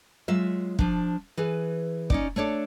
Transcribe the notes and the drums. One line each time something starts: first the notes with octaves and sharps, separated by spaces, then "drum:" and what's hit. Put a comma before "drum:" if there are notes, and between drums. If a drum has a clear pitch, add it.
F#3 G#3 F4 E5
F3 D4, drum: kick
E3 G#4 B4
C#4 D#4 D5, drum: kick
A3 D4 C#5 D5